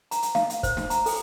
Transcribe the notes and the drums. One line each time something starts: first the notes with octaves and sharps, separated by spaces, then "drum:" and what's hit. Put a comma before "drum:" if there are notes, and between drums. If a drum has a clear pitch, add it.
A#5, drum: hi-hat
drum: hi-hat
F5, drum: snare
drum: hi-hat
C5, drum: kick, hi-hat
drum: snare
A#5, drum: hi-hat
A4, drum: open hi-hat